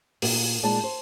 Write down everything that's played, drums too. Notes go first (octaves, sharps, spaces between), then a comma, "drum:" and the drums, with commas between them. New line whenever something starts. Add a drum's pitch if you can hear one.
A#2, drum: open hi-hat
A#2 G#3 D#4 D5 A5
C5